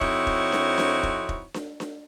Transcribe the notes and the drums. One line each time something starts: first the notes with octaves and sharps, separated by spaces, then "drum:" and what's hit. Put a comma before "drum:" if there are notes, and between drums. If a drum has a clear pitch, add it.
F2 C4 D#4 E4 F#4 C#5, drum: kick
drum: kick
drum: snare D4
drum: snare D4
drum: kick
drum: kick
drum: snare D4
drum: snare D4